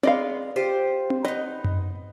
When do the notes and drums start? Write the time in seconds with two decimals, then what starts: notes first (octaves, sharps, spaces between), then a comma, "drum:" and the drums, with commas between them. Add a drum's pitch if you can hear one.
0.03 G#3 B3 D5 D#5 F5, drum: tom C4
0.56 F4 G4 C5
1.10 drum: tom C4
1.25 B3 D#4 D#5
1.64 drum: tom F#2